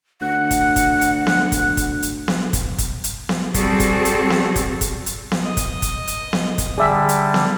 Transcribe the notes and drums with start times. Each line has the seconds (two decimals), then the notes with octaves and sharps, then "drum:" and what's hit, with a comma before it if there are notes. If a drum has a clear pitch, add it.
0.22 D2 F#5 F#6
0.51 drum: kick, hi-hat
0.76 drum: kick, hi-hat
1.01 drum: hi-hat
1.27 drum: snare B3
1.52 drum: kick, hi-hat
1.77 drum: kick, hi-hat
2.02 drum: hi-hat
2.28 drum: snare B3
2.53 drum: kick, hi-hat
2.78 drum: kick, hi-hat
3.04 drum: hi-hat
3.29 drum: snare B3
3.54 G3 C4 F#4 G#4 A4, drum: kick, hi-hat
3.80 drum: kick, hi-hat
4.05 drum: hi-hat
4.30 drum: snare B3
4.56 drum: kick, hi-hat
4.81 drum: kick, hi-hat
5.06 drum: hi-hat
5.32 drum: snare B3
5.42 D#5
5.57 drum: kick, hi-hat
5.82 drum: kick, hi-hat
6.07 drum: hi-hat
6.33 drum: snare B3
6.58 drum: kick, hi-hat
6.78 D3 G3 G#4 E5
7.09 drum: hi-hat
7.34 drum: snare B3